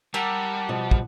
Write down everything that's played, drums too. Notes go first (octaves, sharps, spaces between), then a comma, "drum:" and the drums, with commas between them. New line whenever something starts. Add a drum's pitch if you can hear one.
G3 G4 A#4 F#5 A5 E6
B2 F3 D#5
drum: kick